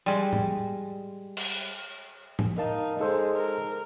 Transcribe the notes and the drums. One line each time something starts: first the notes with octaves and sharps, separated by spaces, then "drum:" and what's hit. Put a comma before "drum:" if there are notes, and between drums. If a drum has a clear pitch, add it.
G3 G#3
drum: tom A2
drum: cymbal
drum: tom A2
D#4 A#4 F5 A5
G#3 D#4 A4 C5
A#4